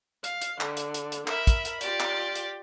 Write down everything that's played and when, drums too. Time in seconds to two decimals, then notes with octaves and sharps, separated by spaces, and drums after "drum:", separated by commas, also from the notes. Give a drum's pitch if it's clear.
0.24 F5, drum: hi-hat
0.42 drum: hi-hat
0.60 D3, drum: clap
0.77 drum: hi-hat
0.94 drum: hi-hat
1.12 drum: hi-hat
1.27 A#4 E5 B5, drum: clap
1.47 drum: kick, hi-hat
1.65 drum: hi-hat
1.81 F4 G4 D5, drum: hi-hat
2.00 drum: clap
2.35 drum: hi-hat